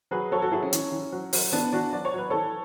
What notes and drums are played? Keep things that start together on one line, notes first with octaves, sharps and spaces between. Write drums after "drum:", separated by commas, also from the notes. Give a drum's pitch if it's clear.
F#3 G#4 B4
F#3 A4 C#5
F#4 A4
F#3 E4 G#4
C#4
E3, drum: hi-hat
E3
F#3
F#3, drum: open hi-hat
E3 B3 D4
E3 D4 F#4
F#3 D5
C#5
F#3 B4
E3 A4 C#5